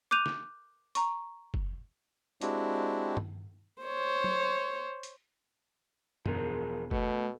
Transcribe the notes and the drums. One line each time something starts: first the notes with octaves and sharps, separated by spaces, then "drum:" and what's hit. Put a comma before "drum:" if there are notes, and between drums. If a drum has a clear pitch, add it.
D6 F#6 G6 D#7 F7
drum: snare
A#5 C#6, drum: hi-hat
drum: kick F#1
G#3 C4 D4 E4 F#4 G4, drum: hi-hat
drum: tom G2
C5 C#5
drum: tom F#3
drum: hi-hat
E1 F3 G#4 A#4, drum: tom F#2
B2 A3, drum: kick F#1